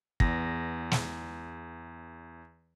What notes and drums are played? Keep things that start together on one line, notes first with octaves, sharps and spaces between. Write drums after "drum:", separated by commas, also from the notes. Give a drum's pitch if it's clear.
E2 A#6, drum: kick
drum: snare